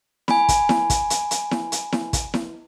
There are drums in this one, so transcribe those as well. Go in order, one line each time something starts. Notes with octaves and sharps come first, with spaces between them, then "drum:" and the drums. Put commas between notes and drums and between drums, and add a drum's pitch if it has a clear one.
G#5 B5, drum: snare E4
drum: kick, hi-hat
drum: snare E4
drum: kick, hi-hat
drum: hi-hat
drum: hi-hat
drum: snare E4
drum: hi-hat
drum: snare E4
drum: kick, hi-hat
drum: snare E4